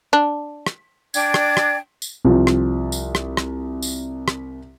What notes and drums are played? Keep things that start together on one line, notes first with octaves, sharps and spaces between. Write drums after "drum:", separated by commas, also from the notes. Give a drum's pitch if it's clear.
D4
drum: rim click
D4 D5 G5 G#6, drum: tambourine
drum: rim click
drum: rim click
drum: tambourine
C2 F3
drum: rim click
drum: tambourine
drum: rim click
drum: rim click
drum: tambourine
drum: rim click